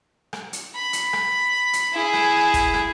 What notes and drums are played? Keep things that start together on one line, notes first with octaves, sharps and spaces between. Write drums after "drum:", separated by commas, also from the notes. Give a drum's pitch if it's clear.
drum: rim click
drum: hi-hat
B5
drum: hi-hat
drum: rim click
drum: hi-hat
E4 G#4
drum: rim click
drum: kick, hi-hat
drum: rim click